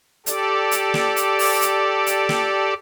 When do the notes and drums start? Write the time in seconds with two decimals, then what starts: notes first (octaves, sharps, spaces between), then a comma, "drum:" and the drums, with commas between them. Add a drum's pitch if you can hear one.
0.26 G4 A4 D5, drum: hi-hat
0.71 drum: hi-hat
0.94 drum: snare
1.16 drum: hi-hat
1.39 drum: open hi-hat
1.61 drum: hi-hat
2.06 drum: hi-hat
2.29 drum: snare